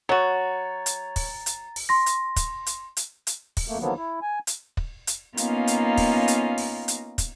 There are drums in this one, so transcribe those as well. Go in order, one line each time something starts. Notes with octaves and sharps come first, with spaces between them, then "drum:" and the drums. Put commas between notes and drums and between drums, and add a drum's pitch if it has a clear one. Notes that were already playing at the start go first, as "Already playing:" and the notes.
F#3 F#4 C#5 A#5 A6
drum: hi-hat
drum: kick, open hi-hat
drum: hi-hat
drum: open hi-hat
C6 A#6
drum: hi-hat
drum: kick, hi-hat
drum: hi-hat
drum: hi-hat
drum: hi-hat
drum: kick, open hi-hat
F2 A3 A#3
D3 D#3 F3 F#3 A#3 B3
E4
G#5
drum: hi-hat
drum: kick
drum: hi-hat
A#3 B3 C#4 D#4 F4, drum: hi-hat
drum: hi-hat
drum: kick, open hi-hat
drum: hi-hat
drum: open hi-hat
drum: hi-hat
drum: kick, hi-hat